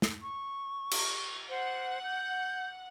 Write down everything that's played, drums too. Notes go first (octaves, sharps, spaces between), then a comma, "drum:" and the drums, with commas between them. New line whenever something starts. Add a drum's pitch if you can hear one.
drum: snare
C#6
drum: cymbal
C5 F#5
G6